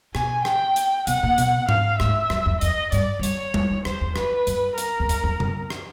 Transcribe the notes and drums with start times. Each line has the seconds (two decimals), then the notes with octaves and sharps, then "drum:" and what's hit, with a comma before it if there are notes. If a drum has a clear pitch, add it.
0.15 B2 G#5, drum: rim click
0.45 G5, drum: rim click
0.76 drum: hi-hat
1.07 B2 F#5, drum: hi-hat
1.23 A#2
1.38 B2, drum: hi-hat
1.69 F5, drum: tom G#2
2.00 G#2 E5, drum: rim click
2.30 F#2, drum: rim click
2.46 F2
2.61 F2 D#5, drum: hi-hat
2.92 G2 D5, drum: hi-hat
3.19 G2
3.23 F#2 C#5, drum: hi-hat
3.54 F2, drum: tom G3
3.70 F#2
3.85 F2 C5, drum: rim click
4.01 E2
4.16 F2 B4, drum: rim click
4.47 F#2, drum: hi-hat
4.78 A#4, drum: hi-hat
5.00 E2
5.09 F2, drum: hi-hat
5.23 F2
5.40 F#2, drum: tom C#3
5.70 drum: rim click